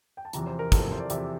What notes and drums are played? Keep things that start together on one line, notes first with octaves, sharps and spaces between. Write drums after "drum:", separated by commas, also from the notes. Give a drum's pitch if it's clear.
G5
A5
E2 C3 F3 A#5, drum: hi-hat
C5
A#4
E2 C3 F3 A4, drum: kick, hi-hat
A#4
C5
D5
E2 C3 F3 E5, drum: hi-hat